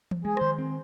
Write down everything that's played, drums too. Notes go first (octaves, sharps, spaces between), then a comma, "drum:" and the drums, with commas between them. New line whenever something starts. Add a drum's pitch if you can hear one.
drum: tom E3
G#3 G#4
D#3 C5, drum: rim click
C4